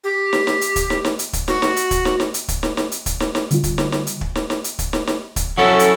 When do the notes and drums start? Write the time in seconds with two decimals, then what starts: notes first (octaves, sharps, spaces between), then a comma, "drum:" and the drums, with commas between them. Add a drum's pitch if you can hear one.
0.04 G4
0.33 drum: snare
0.47 drum: snare
0.61 drum: hi-hat
0.76 drum: kick, hi-hat
0.90 drum: snare
1.05 drum: snare
1.19 drum: hi-hat
1.33 drum: kick, hi-hat
1.48 F#4, drum: snare
1.62 drum: snare
1.76 drum: hi-hat
1.91 drum: kick, hi-hat
2.05 drum: snare
2.20 drum: snare
2.34 drum: hi-hat
2.48 drum: kick, hi-hat
2.63 drum: snare
2.77 drum: snare
2.92 drum: hi-hat
3.06 drum: kick, hi-hat
3.20 drum: snare
3.35 drum: snare
3.51 D3 G3 F4, drum: hi-hat
3.64 drum: kick, hi-hat
3.78 drum: snare
3.92 drum: snare
4.07 drum: hi-hat
4.21 drum: kick
4.35 drum: snare
4.50 drum: snare
4.64 drum: hi-hat
4.79 drum: kick, hi-hat
4.93 drum: snare
5.07 drum: snare
5.36 drum: kick, hi-hat
5.58 F#3 C#4 E4 F#4 A4
5.79 drum: hi-hat